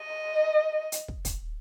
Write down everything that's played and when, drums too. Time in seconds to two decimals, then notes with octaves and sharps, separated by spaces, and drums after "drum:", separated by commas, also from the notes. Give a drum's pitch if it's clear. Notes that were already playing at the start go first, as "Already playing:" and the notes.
Already playing: D#5
0.92 drum: hi-hat
1.08 drum: kick
1.25 drum: kick, hi-hat